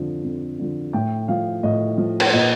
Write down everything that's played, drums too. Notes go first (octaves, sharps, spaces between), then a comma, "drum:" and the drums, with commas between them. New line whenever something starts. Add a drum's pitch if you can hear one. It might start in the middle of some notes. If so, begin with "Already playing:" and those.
Already playing: F2 D3 F3
F2
D3 F3
A2 G5
F3 F5
A2 D#5
F3
drum: cymbal
A#2 D#5